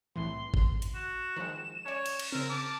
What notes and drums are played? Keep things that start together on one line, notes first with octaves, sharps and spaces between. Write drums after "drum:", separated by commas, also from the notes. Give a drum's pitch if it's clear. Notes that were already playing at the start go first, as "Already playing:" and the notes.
C2 A2 E3 C6
drum: kick G#1
drum: hi-hat
F#4 E7
D#3 F3 G#3
C#4 C#5 D5
drum: cymbal
drum: cymbal
C#3 C4 A#4 E6
A5 D6